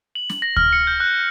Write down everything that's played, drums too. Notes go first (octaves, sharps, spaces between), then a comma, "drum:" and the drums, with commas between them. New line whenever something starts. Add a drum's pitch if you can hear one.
F#7
drum: snare
A#6
F6, drum: kick D2
C#7
G6
F#6